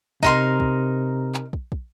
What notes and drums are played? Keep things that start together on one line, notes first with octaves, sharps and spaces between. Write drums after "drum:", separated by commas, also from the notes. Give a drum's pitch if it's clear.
C3 D#4 A#4 C6, drum: kick
drum: kick
drum: clap
drum: kick
drum: kick